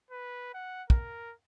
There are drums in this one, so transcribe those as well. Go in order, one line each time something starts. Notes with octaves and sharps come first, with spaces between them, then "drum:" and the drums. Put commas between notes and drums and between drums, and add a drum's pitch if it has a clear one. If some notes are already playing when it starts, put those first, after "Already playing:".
B4
F#5
A#4, drum: kick